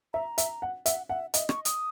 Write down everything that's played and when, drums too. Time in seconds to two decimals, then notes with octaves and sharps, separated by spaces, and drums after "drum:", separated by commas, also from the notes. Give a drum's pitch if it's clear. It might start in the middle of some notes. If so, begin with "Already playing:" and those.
0.13 E5 A#5
0.38 E5, drum: hi-hat
0.62 F#5
0.86 E5 F#5, drum: hi-hat
1.09 E5 F#5
1.34 D#5 E5, drum: hi-hat
1.49 C#6, drum: rim click
1.65 D#6, drum: hi-hat